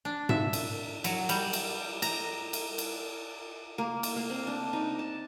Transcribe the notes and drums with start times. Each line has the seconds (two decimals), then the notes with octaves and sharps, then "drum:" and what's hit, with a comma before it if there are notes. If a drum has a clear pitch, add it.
0.05 D4
0.29 E5, drum: tom G#2
0.53 drum: cymbal
1.04 F#3, drum: cymbal
1.29 G3, drum: cymbal
1.53 drum: cymbal
2.02 A#5, drum: cymbal
2.53 drum: cymbal
2.78 drum: cymbal
3.78 A#3
4.03 drum: cymbal
4.16 A#3
4.30 C4
4.47 D4
4.73 D#4
4.99 A5